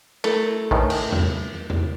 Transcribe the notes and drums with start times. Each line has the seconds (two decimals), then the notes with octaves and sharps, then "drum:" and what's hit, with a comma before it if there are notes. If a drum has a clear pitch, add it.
0.24 A3 E4 A#4 B5, drum: cymbal
0.71 A2 D#3 B4 G#5, drum: kick
0.90 drum: cymbal
1.12 drum: tom E2
1.70 drum: tom E2